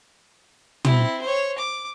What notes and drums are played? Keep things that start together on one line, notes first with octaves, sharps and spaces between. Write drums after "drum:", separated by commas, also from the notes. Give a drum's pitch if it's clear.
C4 E4, drum: tom
C5 C#5
D6